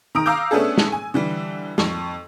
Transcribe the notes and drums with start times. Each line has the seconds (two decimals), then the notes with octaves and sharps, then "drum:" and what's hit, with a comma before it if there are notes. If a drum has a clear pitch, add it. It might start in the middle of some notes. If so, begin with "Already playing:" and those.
0.15 D#3 A#5 D#6 D7
0.26 F5 A#5 D6 E6 G6
0.51 A3 B3 C#4 D4 G#4 A4
0.78 drum: snare
0.92 G#5
1.14 D3 E3 G3
1.78 F2 C#6, drum: snare